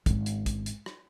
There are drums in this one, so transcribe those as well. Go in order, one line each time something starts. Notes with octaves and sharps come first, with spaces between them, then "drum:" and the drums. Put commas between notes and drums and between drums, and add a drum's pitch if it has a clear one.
G#1 C#4, drum: kick, hi-hat
drum: hi-hat
drum: kick, hi-hat
drum: hi-hat
drum: rim click